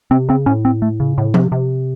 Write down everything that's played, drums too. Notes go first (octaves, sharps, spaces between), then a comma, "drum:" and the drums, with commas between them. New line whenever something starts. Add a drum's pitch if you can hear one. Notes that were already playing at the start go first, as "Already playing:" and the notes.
C3 C4
C#3 C4
A2 C#4
C4
A3
C#3
A2
C3, drum: tom F3
C3